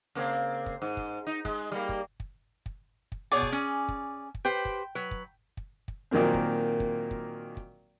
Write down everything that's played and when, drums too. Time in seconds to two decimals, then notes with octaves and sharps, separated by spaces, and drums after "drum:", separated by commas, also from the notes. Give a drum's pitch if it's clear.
0.15 C#3 A#3 C4
0.66 drum: kick
0.82 G#2
0.97 drum: kick
1.27 D#4
1.45 G#3, drum: kick
1.72 G3 A#3
1.89 drum: kick
2.20 drum: kick
2.66 drum: kick
3.12 drum: kick
3.31 B2 G#4 C#5 D5 F#5 D6
3.42 drum: kick
3.52 C#4
3.88 drum: kick
4.35 drum: kick
4.45 G4 B4 C5 G5
4.65 drum: kick
4.95 F#3 B4
5.11 drum: kick
5.57 drum: kick
5.88 drum: kick
6.11 A#2 D#3 F#3 A#3 C4
6.34 drum: kick
6.80 drum: kick
7.11 drum: kick
7.57 drum: kick